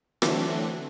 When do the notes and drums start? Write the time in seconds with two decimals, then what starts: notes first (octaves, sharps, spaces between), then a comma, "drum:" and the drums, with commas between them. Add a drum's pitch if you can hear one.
0.22 D3 E3 F#3 A3 C4 D4, drum: rim click